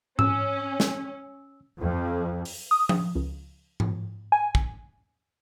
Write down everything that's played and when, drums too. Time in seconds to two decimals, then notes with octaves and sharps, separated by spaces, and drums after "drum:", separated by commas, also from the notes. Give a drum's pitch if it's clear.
0.19 C#4 E6, drum: tom G#2
0.80 drum: snare
1.80 F2
2.45 drum: open hi-hat
2.71 D#6
2.89 drum: tom F3
3.15 C#2
3.80 drum: tom G#2
4.32 G#5
4.55 drum: kick